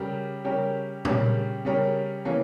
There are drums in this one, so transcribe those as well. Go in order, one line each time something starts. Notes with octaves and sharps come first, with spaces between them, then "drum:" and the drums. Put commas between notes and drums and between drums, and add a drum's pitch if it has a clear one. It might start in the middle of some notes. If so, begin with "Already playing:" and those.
Already playing: C#3 G3 C#4 G4 A#4
C#3 G3 C#4 G4 A#4
C#3 G3 C#4 G4 A#4, drum: tom A#2
C#3 G3 C#4 G4 A#4
C#3 E3 A#3 C#4